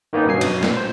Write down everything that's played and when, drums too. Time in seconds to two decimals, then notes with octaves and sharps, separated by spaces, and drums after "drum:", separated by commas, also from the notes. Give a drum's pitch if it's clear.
0.13 D#3 A#3 B3 C#4 D#4
0.26 G2 B2 F#3 G#5 C7
0.41 F#2 B2, drum: cymbal
0.63 A#2, drum: snare A3
0.77 C5